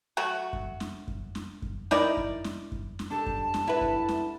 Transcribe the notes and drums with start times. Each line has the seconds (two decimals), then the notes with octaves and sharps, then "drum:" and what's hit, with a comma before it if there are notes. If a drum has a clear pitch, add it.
0.17 F#3 A3 F#4
0.53 drum: kick F#2
0.80 drum: snare
1.08 drum: kick F#2
1.35 drum: snare
1.62 drum: kick F#2
1.91 D#4 E4 A#4 D5, drum: snare
2.17 drum: kick F#2
2.44 drum: snare
2.72 drum: kick F#2
2.99 drum: snare
3.10 D4 G4 A4 A5
3.26 drum: kick F#2
3.54 drum: snare
3.67 E4 B4 F#5 B5
3.81 drum: kick F#2
4.09 drum: snare